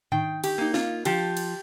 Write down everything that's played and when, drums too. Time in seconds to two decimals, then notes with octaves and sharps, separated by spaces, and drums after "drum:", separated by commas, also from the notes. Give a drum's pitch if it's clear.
0.12 D#3 G5, drum: tom G#2
0.44 G4, drum: cymbal
0.58 A#3 D#4
0.74 F4, drum: snare
1.05 F3 G4, drum: cymbal
1.37 drum: cymbal